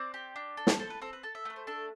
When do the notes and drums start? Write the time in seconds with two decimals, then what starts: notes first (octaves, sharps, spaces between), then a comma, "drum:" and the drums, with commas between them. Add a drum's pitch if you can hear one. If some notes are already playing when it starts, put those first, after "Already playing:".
Already playing: C4 D5
0.14 G4
0.36 D4
0.57 A4
0.67 drum: snare
0.79 A4 C5
0.90 B4
1.02 C4 A4
1.13 B4
1.23 A4 A5
1.35 E5
1.45 A3 B4
1.56 C5
1.67 D4 A4